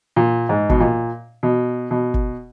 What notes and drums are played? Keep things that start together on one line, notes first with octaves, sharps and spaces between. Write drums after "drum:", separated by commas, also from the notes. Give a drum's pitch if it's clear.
A#2
G#2
B2, drum: kick G1
A#2
B2
B2
drum: kick G1